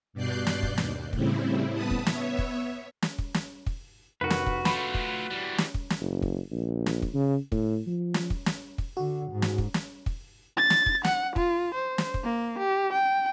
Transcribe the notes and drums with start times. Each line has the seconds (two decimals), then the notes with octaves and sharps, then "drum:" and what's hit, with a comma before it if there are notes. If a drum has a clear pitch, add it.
0.13 G2 B2 D5 F#6 G6 C7
0.47 drum: snare
0.63 drum: kick
0.78 D#2, drum: snare
1.13 A2 C#3 G3 C4 E4, drum: kick
1.71 B3 A5 B5 D#6
1.91 drum: kick
2.07 B3 C#5 E5, drum: snare
2.39 drum: kick
3.02 drum: snare
3.18 drum: kick
3.34 drum: snare
3.66 drum: kick
4.21 F1 F#4 A#4 B4
4.30 drum: snare
4.46 drum: kick
4.65 A3 F4 B5, drum: snare
4.94 drum: kick
5.30 E3 G3
5.58 drum: snare
5.74 drum: kick
5.90 drum: snare
6.00 F#1
6.22 drum: kick
6.51 A#1
6.86 drum: snare
7.02 drum: kick
7.14 C#3
7.52 A2, drum: kick
7.87 F3
8.14 drum: snare
8.30 drum: kick
8.46 drum: snare
8.78 drum: kick
8.97 D3 F#4
9.31 G#2
9.42 drum: snare
9.58 drum: kick
9.74 drum: snare
10.06 drum: kick
10.57 A6
10.70 drum: snare
10.86 drum: kick
11.05 F#5, drum: snare
11.36 F4, drum: kick
11.74 C5
11.98 drum: snare
12.14 drum: kick
12.24 A#3
12.59 G4
12.93 G5